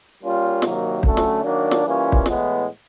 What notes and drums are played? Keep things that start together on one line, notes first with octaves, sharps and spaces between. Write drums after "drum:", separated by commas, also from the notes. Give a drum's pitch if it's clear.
G3 A#3 C#4 F4
C3 D#3 F#3 A#3, drum: snare
D3 F#3 A3 C#4, drum: kick
drum: snare
D#3 F#3 A#3 D4
drum: snare
E3 G3 A#3 C#4 F4
drum: kick
A2 E3 G#3 B3, drum: snare